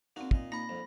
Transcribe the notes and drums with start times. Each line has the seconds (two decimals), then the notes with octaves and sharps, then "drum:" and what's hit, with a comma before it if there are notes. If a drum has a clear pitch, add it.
0.16 A#3 C4 D4 D#4 F#4
0.31 A#2 D#5, drum: kick
0.52 A#3 D#4 B5 A#6
0.69 C2 F2